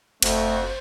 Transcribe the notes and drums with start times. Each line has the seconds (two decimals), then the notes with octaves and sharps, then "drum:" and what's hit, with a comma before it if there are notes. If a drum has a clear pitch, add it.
0.22 F#1 F2 A3 F#4 C5, drum: cymbal